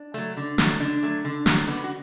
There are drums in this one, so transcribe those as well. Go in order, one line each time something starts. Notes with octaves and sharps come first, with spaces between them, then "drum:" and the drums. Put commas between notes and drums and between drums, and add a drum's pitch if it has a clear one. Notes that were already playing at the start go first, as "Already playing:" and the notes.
Already playing: D4
F#3 A3
D3
F#3 A3, drum: snare
D3 D4
F#3 A3
D3
F#3 A3, drum: snare
D3 B3
F#4